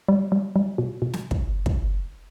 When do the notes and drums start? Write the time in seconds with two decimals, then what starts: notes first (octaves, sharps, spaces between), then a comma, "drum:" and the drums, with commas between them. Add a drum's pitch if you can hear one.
0.08 G3
0.32 G3
0.56 G3
0.78 B2
1.02 B2
1.14 drum: snare
1.31 drum: kick
1.66 drum: kick